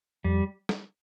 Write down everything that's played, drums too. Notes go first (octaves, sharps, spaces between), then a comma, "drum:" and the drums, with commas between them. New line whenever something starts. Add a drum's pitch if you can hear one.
F2 G3
drum: snare